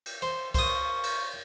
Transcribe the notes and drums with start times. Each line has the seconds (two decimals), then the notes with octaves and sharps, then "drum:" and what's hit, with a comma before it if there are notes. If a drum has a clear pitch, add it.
0.06 drum: cymbal
0.22 C5
0.55 C5 F5 C#6 D#6, drum: kick C2, cymbal
1.03 drum: cymbal